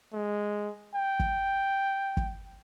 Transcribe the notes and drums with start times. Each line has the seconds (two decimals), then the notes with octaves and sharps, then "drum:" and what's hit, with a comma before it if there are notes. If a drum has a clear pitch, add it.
0.13 G#3
0.95 G5
1.20 drum: kick
2.17 drum: kick